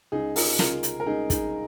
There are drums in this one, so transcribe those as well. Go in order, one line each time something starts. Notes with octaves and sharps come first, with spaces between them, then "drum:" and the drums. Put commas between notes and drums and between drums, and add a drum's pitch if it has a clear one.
C#2 D#4 G#4
F4 A#4, drum: open hi-hat
C#3 F4 A#4, drum: snare
drum: hi-hat
A#4
C#2 D#4 G#4
D#4 G#4, drum: kick, hi-hat